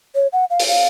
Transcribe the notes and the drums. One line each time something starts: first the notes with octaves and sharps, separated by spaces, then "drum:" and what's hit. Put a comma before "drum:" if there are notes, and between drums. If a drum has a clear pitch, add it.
C#5
F#5
F5
drum: open hi-hat
F5